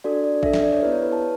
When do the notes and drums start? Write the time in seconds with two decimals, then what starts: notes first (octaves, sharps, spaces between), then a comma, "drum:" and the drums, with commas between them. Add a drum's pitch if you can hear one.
0.04 D4 F#4 A4 D5
0.24 D5
0.43 D4 A4 E5, drum: kick
0.54 E5, drum: snare
0.63 D5
0.73 C#5
0.82 B3 E4 G4 B4
0.92 C#5
1.02 B4
1.12 A5